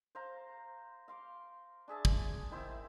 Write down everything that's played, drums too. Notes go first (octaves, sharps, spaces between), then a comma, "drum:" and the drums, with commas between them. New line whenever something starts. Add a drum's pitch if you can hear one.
C5 F5 A#5
F5 C6 D6
D4 G#4 E5 A5
drum: kick
D#3 E4 C5 E5